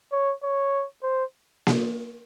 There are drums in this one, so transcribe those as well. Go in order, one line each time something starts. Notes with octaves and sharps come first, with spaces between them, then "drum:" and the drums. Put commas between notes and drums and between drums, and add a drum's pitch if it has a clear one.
C#5
C#5
C5
drum: snare A#3